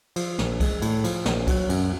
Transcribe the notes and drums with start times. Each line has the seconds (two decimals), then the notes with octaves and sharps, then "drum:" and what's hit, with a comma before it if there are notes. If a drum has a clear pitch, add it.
0.16 F3, drum: cymbal
0.39 A#1, drum: snare
0.60 G#3, drum: kick, cymbal
0.82 A2, drum: cymbal
1.04 F3, drum: cymbal
1.26 A#1, drum: snare
1.47 F#3, drum: kick, cymbal
1.69 F#2, drum: cymbal